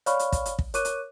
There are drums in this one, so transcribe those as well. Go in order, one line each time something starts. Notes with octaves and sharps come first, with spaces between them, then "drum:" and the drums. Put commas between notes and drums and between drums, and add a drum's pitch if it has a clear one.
C#5 D5 F5 B5 C#6 F6, drum: hi-hat
drum: hi-hat
drum: kick, hi-hat
drum: hi-hat
drum: kick
A#4 C#5 C#6 D6 F#6 D#7, drum: hi-hat
drum: hi-hat